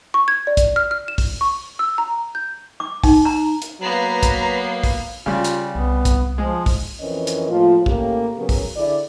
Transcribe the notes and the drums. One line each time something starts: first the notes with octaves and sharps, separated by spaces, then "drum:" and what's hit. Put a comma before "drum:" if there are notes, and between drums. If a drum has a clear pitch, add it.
C#6
G#6
D5
drum: kick, hi-hat
F6
F6
E7
drum: kick, open hi-hat
C#6
E6
A#5
G6
D6
D#4, drum: kick, open hi-hat
A#5
drum: hi-hat
F#3 A#3 B3 B4 A#5 C7
drum: kick, hi-hat
drum: kick, open hi-hat
C#3 G3 D4 F4
drum: hi-hat
C2 B3
drum: kick, hi-hat
F3 G#3
drum: kick, open hi-hat
F2 E3 C4 C#4 A#4 D#5
drum: hi-hat
A2 F3 A#3 F4
A2 A#3 C#4 G4, drum: kick
C#3 F#3 B3 A#4
drum: kick, open hi-hat
D3 E4 G#4 D5